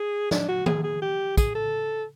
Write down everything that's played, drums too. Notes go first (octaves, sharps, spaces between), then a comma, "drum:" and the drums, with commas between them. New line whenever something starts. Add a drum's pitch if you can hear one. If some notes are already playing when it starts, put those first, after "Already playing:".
Already playing: G#4
D4, drum: snare
F#4
G#4, drum: tom D#3
G#4
G4
G#4, drum: kick, tambourine
A4